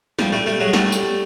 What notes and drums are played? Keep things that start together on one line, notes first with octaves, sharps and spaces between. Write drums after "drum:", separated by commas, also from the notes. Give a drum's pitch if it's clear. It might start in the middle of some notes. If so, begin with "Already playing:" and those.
F3 G3, drum: snare
G3 A3
G3 A3
F#3 G#3
G3 A3, drum: snare
drum: tambourine